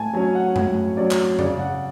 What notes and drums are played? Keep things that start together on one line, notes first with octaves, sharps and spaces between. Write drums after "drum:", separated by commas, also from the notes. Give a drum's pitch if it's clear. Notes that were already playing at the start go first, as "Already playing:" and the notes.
Already playing: A2 G#5 A5
F#3 C#4 G#5
F#5
A2, drum: tom F#2
F#3 C#4 D5
drum: clap
C#3 D5, drum: tom F#2
F#5